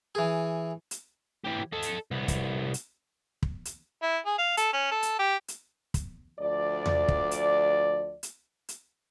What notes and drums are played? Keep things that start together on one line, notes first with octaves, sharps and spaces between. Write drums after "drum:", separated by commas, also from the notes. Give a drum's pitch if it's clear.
E3 G#4
drum: hi-hat
E3 G4
A4 D#5
drum: hi-hat
C2 B3
drum: kick, hi-hat
drum: hi-hat
drum: kick
drum: hi-hat
E4
G#4
F5
A4, drum: hi-hat
C#4
A4
drum: hi-hat
G4
drum: hi-hat
drum: kick, hi-hat
D2 F3 D5
drum: tom E2
drum: kick
drum: hi-hat
drum: hi-hat
drum: hi-hat